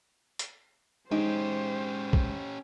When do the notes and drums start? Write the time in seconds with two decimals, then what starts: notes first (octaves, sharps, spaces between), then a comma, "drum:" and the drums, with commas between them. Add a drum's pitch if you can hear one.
0.39 drum: hi-hat
1.11 G#3 C#4 D#4 G4 C5
2.13 drum: kick B1